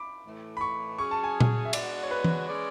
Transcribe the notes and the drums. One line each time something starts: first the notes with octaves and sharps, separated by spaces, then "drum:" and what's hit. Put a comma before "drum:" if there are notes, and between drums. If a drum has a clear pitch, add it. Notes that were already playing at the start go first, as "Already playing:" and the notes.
Already playing: B5 D6
A2 E3 A3
B5
C#6
F#3 C#4 G#4 C#6
A5
G#5
drum: tom A#2
E5
G#3 B3 D4 F#4 D5, drum: cymbal
C#5
B4
drum: tom E3
G#3 C#4 G#4 D5